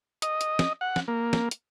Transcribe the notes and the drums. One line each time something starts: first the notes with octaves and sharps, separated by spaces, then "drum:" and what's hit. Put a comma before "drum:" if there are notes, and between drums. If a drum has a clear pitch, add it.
D#5, drum: hi-hat
drum: hi-hat
drum: snare
F#5
drum: snare
A#3
drum: snare
drum: hi-hat